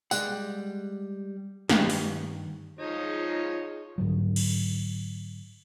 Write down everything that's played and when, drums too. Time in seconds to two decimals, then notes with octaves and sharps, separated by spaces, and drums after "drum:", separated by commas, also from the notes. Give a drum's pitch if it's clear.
0.11 G3 G#3 F#5, drum: tambourine
1.70 G2 D#3 F#5, drum: snare
1.90 drum: open hi-hat
2.79 F3 D#4 F4 G#4 C#5
3.98 G#2 D3 F#3
4.36 drum: cymbal